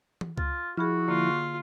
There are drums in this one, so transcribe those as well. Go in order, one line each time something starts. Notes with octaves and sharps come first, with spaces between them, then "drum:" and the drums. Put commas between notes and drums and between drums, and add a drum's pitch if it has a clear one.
drum: tom E3
F4, drum: kick C#2
F3 E4 F#4 G#4 B5 F6
D3 A#3 F4